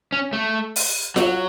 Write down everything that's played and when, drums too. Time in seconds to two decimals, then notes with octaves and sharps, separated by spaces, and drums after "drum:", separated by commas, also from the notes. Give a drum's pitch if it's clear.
0.12 C#4
0.33 A3
0.76 drum: open hi-hat
1.16 F#3, drum: snare F4